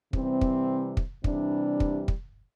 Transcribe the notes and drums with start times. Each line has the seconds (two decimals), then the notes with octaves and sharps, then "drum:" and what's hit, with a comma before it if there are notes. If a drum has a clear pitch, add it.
0.13 C3 E3 G3 C4, drum: kick
0.41 drum: kick
0.97 drum: kick
1.24 C3 E3 G3 D4, drum: kick
1.80 drum: kick
2.08 drum: kick